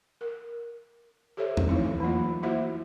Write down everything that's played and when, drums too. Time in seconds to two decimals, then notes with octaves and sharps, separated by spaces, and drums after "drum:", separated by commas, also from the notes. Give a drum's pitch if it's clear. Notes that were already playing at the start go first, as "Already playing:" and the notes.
0.21 A#4
1.37 G4 A4 C5 C#5 E5
1.57 drum: tom E2
1.69 E3 F3 A3 C4 D#4 E4
2.00 E3 F#3 A#3 F4
2.43 A#3 E4 F#4 C5 E5